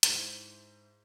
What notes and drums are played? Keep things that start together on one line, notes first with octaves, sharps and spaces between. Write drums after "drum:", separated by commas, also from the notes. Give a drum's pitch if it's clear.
G#2 E4 C5 F#7, drum: hi-hat